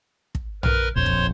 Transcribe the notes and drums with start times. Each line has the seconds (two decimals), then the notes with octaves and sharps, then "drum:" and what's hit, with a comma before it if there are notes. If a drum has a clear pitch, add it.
0.35 drum: kick
0.63 A#4 B4 F6, drum: tom A#1
0.95 D#1 A#1 F2 C5 C#5 C6
1.06 drum: kick